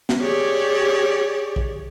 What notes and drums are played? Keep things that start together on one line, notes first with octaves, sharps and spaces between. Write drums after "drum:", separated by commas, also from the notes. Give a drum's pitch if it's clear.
drum: snare
G4 G#4 C#5 D5
drum: kick A#1